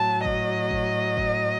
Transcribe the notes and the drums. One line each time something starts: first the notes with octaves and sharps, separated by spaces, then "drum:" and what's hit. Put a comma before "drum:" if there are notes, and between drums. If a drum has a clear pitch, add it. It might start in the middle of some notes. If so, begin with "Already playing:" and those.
Already playing: A2 F#3 A5
D#5, drum: kick
drum: kick
drum: kick